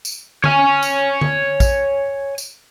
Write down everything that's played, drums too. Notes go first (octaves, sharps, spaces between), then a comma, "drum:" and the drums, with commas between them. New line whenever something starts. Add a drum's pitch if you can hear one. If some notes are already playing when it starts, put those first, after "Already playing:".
drum: tambourine
C#5 G#5, drum: tom D3
drum: tambourine
drum: tom D3
drum: kick, tambourine
drum: tambourine